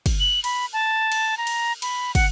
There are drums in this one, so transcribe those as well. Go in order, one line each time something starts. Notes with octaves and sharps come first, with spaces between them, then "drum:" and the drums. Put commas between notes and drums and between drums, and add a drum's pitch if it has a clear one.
drum: kick, cymbal
F#7
B5, drum: cymbal
A5
drum: cymbal
A#5
drum: cymbal
B5, drum: cymbal
F#5, drum: kick, cymbal